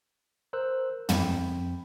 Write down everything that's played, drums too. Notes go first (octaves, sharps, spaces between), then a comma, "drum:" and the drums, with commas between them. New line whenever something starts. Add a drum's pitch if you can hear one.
A#4 C5 E6 F#6
F2 G5 B5, drum: tom